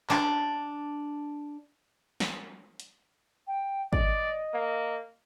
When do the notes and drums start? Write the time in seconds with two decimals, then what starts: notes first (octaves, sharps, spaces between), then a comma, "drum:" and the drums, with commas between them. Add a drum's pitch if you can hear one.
0.10 D4, drum: clap
2.20 drum: snare
2.80 drum: hi-hat
3.47 G5
3.93 D5 D#5, drum: kick
4.54 A#3